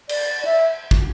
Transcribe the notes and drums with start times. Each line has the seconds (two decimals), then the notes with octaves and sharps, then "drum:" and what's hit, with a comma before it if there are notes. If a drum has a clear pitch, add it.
0.09 D5, drum: cymbal
0.45 E5
0.91 drum: kick